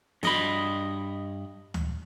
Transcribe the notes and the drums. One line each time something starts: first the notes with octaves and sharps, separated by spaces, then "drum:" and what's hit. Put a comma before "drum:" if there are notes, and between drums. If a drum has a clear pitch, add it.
G2 D#5 B5, drum: snare
drum: tom D2